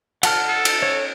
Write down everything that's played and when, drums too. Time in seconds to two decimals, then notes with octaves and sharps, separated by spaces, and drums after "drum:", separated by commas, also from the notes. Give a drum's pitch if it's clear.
0.23 F#5 A5 F6, drum: cymbal
0.48 A4
0.65 drum: cymbal
0.83 C#5